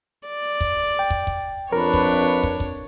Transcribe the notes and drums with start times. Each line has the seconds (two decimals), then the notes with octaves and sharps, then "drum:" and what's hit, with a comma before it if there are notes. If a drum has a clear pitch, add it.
0.27 D5
0.61 drum: kick
0.99 G5
1.10 drum: kick
1.27 drum: kick
1.72 F2 D4 A#4 B4 C#5
1.94 drum: kick
2.43 drum: kick
2.60 drum: kick